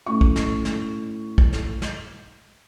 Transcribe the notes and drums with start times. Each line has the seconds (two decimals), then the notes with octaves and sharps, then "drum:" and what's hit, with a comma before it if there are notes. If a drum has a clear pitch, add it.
0.06 A2 C#4 C#6
0.21 drum: kick
0.36 drum: snare
0.65 drum: snare
1.38 drum: kick
1.53 drum: snare
1.82 drum: snare